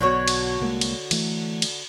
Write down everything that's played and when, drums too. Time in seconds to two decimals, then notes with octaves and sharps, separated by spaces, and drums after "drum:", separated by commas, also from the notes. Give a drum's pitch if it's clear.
0.01 B1 B2 D3 F#4 C#5
0.28 drum: cymbal
0.61 C2 G#3 A#3
0.81 drum: cymbal
1.11 E3 A3, drum: cymbal
1.62 drum: cymbal